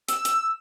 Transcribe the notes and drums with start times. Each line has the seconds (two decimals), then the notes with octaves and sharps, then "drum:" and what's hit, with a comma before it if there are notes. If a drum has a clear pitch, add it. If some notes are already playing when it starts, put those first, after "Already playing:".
0.08 E6, drum: hi-hat
0.25 drum: hi-hat